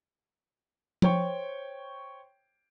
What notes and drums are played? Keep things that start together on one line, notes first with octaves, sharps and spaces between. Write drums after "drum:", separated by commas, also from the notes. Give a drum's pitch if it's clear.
C5 C#5 G5 C#6, drum: tom F3